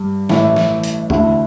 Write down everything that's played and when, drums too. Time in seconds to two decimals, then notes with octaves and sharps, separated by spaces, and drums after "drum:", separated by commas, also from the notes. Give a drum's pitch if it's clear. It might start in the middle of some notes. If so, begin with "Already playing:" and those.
Already playing: G2 G3
0.29 A1 A2 E3 A3 E4, drum: snare F3
0.56 drum: snare F3
0.84 drum: hi-hat
1.10 D2 D3 A3 E4, drum: tom E2